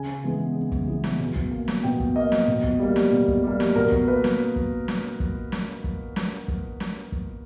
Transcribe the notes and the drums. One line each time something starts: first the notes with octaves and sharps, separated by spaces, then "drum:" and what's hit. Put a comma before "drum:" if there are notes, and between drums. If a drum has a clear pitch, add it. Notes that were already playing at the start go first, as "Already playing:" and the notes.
Already playing: C#3 G#5
E3 G#3 B3
C#3
drum: kick
E3 G#3 B3
drum: snare
B2
drum: kick
A#3
drum: snare
B2 G5
drum: kick
A#3 D#5
drum: snare
B2
drum: kick
G3 A#3
drum: snare
B2
drum: kick
G3 A#3
drum: snare
B2 A#4
drum: kick
A#3 B4
drum: snare
drum: kick
drum: snare
drum: kick
drum: snare
drum: kick
drum: snare
drum: kick
drum: snare
drum: kick